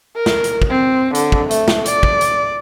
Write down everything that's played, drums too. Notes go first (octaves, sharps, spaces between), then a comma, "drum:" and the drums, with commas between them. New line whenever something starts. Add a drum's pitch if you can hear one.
A#4
drum: snare
drum: hi-hat
drum: kick
C4
D3, drum: hi-hat
drum: kick
A3, drum: hi-hat
drum: snare
D5, drum: hi-hat
drum: kick
drum: hi-hat